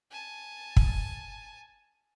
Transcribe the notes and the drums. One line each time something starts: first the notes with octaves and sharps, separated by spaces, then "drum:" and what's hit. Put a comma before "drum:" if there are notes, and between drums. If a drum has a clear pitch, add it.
G#5 A5
drum: kick